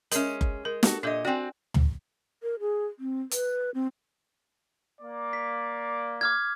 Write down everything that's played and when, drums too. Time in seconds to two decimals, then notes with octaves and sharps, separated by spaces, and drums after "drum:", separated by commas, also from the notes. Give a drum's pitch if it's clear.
0.11 G#3 C#4 A#4 E5, drum: hi-hat
0.41 drum: kick F#1
0.65 G#3 A#4
0.83 F#4 G4 A4, drum: snare
1.03 A#2 D4 A4 D#5 E5
1.25 C4 F#4 D5 G5 G#5
1.74 drum: tom
2.43 A#4
2.60 G#4
2.99 C4
3.31 B4, drum: hi-hat
3.74 C4
5.01 A#3 D5
5.33 B6
6.21 D6 F6 G#6